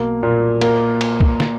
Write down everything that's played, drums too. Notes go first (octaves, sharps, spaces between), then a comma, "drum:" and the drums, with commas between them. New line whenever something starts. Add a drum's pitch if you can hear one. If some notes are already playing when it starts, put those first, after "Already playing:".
Already playing: B1 A#3
A#2
A#3, drum: cymbal
drum: cymbal
drum: kick C2
drum: snare